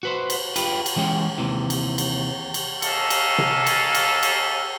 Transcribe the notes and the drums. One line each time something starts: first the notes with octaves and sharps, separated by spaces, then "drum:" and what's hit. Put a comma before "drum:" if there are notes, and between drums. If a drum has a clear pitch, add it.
F#4 B4 C5
drum: cymbal
F4 G4 B4, drum: cymbal
drum: cymbal
E3 G#3 C#4 G5
D#2 C3 E3
drum: cymbal
drum: cymbal
drum: cymbal
A#3 C#4 A4 D#5 F5, drum: cymbal
drum: cymbal
drum: tom C3
drum: cymbal
drum: cymbal
drum: cymbal